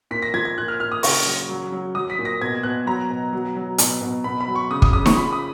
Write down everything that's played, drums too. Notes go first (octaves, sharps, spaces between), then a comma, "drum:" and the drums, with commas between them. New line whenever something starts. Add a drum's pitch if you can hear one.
A#2 B6
A#6
F3 G#6
G#6
A#2 F#6
F6
A#2 F6
D#6
C#3 C#6, drum: open hi-hat
F#3
F#3
F#3
F#3 D#6
B6
A#2
A#6
B2 G#6
B2 F#6
F#3 A#5
B2
F#3
F#3
B2, drum: hi-hat
B2
B2 B5
B5
F#3
C#6
C#3 D#6
D#6, drum: kick
C#3 D#6
C#6, drum: snare D#4
F3 B5
D#6